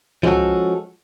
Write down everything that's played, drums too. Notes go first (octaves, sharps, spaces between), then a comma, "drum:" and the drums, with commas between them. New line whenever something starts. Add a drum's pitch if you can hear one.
F3 G#3 C#4 F4 F#4 A4, drum: tom